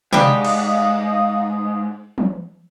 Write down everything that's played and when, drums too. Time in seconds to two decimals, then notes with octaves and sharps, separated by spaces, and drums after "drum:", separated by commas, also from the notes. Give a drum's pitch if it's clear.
0.13 G#2 G3 D4 G4 D#5 F5 D#6, drum: tom C3
0.45 drum: cymbal
2.18 drum: tom